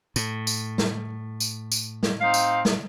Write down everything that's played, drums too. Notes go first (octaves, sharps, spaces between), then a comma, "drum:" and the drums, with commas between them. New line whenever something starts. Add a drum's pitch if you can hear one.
A2, drum: tambourine
drum: tambourine
drum: snare
drum: tambourine
drum: tambourine
drum: snare
C4 D#4 F5
drum: tambourine
drum: snare